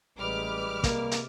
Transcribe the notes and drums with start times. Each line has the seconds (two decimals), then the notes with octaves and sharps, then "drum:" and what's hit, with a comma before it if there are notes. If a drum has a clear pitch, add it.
0.18 A1 G3 G#3 B4 D6 F6
0.84 C3 G#3 A#3, drum: kick, hi-hat
1.11 drum: hi-hat